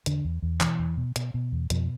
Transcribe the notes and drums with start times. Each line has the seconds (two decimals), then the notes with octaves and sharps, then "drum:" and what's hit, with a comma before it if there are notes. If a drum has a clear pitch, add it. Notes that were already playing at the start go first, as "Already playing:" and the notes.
0.06 E2 D3, drum: hi-hat
0.25 E2
0.42 E2
0.61 B2 E3, drum: clap
0.79 E2
0.97 B2
1.16 B2, drum: hi-hat
1.34 B2
1.52 E2
1.70 F2 B2 F3, drum: hi-hat